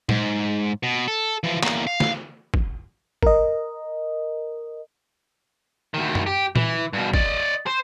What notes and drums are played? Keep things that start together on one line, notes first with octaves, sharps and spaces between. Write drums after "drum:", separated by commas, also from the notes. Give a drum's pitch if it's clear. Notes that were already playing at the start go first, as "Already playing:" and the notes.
G#2, drum: tom
B2
A4
E3 F3
E2 A#3, drum: clap
F5
drum: snare
drum: kick
A#4 D#5, drum: kick
D2 D#3
drum: tom F#2
G4
E3, drum: tom
G2 B2
D5 D#5, drum: kick
C5